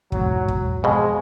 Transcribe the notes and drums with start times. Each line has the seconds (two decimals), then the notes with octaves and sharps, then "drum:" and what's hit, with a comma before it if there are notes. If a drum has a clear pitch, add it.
0.12 E2 G#2 B2 F#3, drum: kick
0.48 drum: kick
0.84 F2 B2 G#3